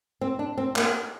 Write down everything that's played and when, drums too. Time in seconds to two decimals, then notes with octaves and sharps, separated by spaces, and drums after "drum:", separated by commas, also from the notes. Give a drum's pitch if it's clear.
0.21 C4
0.39 D4
0.58 C4
0.76 A#3, drum: clap